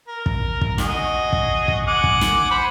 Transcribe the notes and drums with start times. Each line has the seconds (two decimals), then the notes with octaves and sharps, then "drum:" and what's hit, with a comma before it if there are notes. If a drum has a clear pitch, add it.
0.08 A#4
0.26 drum: kick
0.61 drum: kick
0.78 F#4 G#4 D#5, drum: snare
1.33 drum: kick
1.68 drum: kick
1.87 F#5 G#5 D6
2.04 drum: kick
2.21 drum: snare
2.51 C5 F#5 B5